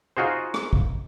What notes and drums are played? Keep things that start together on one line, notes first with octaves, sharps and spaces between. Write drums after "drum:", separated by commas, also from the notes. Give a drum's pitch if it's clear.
D#4 F4 F#4 G#4 C5
drum: rim click
drum: kick